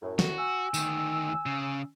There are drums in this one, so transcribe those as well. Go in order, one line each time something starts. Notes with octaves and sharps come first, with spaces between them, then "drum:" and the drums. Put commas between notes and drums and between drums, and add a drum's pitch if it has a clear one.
F#2 A2
C2 F#2 A2 F#4, drum: snare
G#5 E6
D2 D#3, drum: tambourine
C#3